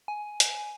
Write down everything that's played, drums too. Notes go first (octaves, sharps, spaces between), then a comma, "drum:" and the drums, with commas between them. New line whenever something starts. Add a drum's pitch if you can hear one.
G#5
drum: hi-hat